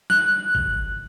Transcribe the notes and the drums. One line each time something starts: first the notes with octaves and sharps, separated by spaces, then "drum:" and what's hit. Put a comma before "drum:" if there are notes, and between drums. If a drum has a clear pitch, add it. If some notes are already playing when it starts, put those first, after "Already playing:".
F#6, drum: snare
drum: kick G1